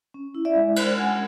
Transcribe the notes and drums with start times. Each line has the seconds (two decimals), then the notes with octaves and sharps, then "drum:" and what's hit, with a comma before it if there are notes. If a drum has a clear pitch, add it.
0.14 C#4
0.35 E4
0.45 D5 E5
0.55 G#3
0.76 G#3 C5 D5, drum: cymbal
0.97 C#4 F#5 G#5